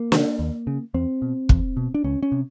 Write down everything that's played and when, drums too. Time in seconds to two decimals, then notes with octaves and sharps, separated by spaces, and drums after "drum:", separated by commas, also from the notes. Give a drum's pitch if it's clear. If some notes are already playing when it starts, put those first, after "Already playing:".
Already playing: A#3
0.12 C#3, drum: snare
0.39 D#2
0.67 C#3
0.94 E2 C4
1.22 B2
1.49 E2, drum: kick
1.77 B2
1.95 D4
2.04 C#2 C#4
2.23 C#4
2.32 C3